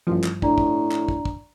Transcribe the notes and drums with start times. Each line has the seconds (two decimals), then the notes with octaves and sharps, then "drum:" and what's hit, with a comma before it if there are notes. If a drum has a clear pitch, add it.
0.07 A1 G2 F3
0.24 drum: clap
0.42 A2 D4 D5 A#5, drum: kick
0.58 drum: kick
0.92 drum: clap
1.08 drum: kick
1.25 drum: kick